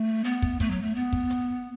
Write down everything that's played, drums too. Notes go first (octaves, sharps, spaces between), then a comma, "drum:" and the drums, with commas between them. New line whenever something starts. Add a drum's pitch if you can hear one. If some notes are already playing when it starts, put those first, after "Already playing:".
Already playing: A3
B3, drum: hi-hat
drum: kick
A3, drum: kick, hi-hat
F#3
A3
B3
drum: kick
drum: hi-hat